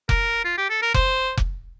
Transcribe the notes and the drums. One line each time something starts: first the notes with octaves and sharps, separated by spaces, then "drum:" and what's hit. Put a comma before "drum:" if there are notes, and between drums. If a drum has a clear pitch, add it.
A#4, drum: kick F1
F4
G4
A4
A#4
C5, drum: kick F1
drum: kick F1